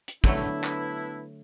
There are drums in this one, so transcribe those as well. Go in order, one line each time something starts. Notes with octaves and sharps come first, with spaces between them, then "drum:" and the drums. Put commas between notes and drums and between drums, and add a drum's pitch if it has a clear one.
drum: hi-hat
D3 F#3 A3 B3 D4 E4, drum: kick
drum: clap